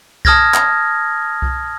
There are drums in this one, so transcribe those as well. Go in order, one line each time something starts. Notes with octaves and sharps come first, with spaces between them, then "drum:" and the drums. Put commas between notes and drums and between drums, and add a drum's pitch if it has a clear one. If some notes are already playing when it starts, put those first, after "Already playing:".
A5 D#6 F6 G#6 A#6, drum: kick C2
drum: clap
drum: kick C2